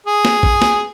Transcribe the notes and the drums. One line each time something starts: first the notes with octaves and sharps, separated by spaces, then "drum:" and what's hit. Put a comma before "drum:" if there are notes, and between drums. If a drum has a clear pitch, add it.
G#4
drum: snare
drum: kick
drum: snare